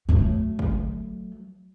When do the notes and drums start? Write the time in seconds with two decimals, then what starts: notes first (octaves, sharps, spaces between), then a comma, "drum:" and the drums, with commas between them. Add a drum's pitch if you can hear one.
0.09 F#3 A3
0.59 drum: kick